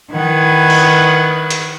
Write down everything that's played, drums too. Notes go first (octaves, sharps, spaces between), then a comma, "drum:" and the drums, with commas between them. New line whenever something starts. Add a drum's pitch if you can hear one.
D#3 E4 B4 F#5 G#6
drum: cymbal
drum: hi-hat